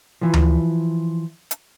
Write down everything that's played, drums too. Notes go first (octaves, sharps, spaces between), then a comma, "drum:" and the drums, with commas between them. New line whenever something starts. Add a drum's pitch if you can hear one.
E3 F3
drum: tom D2
drum: hi-hat